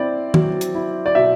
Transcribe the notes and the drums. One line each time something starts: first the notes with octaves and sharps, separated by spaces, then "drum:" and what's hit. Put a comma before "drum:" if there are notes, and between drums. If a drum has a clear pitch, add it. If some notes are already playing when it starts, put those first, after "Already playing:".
Already playing: C4 E4 D5
F#3, drum: tom D#3
drum: hi-hat
E4
D5
B2 E5